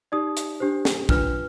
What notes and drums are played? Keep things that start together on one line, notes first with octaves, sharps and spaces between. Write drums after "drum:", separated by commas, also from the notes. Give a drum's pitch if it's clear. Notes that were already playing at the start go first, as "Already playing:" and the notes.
D#4 G4 D5 D#6
drum: hi-hat
D4 G4 C5
drum: snare
D4 F4 B4 F6, drum: kick